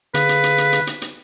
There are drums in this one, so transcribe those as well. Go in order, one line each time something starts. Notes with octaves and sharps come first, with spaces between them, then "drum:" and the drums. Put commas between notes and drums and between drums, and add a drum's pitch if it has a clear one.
D3 G#4 B4 F5, drum: hi-hat
drum: hi-hat
drum: hi-hat
drum: hi-hat
drum: hi-hat
drum: hi-hat
drum: hi-hat